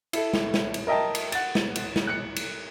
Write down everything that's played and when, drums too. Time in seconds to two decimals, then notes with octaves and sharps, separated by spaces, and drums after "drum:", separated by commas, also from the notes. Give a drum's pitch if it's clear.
0.13 E4 A4, drum: cymbal
0.34 drum: snare
0.54 drum: snare
0.74 drum: cymbal
0.87 A#4 D#5 E5 G5 A5
1.15 drum: cymbal
1.32 F#5 A6, drum: cymbal
1.55 drum: snare
1.76 drum: cymbal
1.96 drum: snare
2.07 F#6 C#7
2.36 drum: cymbal